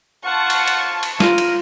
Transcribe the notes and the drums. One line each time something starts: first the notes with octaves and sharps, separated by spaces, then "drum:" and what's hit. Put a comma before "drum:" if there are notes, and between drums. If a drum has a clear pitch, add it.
F4 F#5 A5 C#6
drum: cymbal
drum: cymbal
drum: cymbal
F4 A#4 D#7, drum: snare
drum: cymbal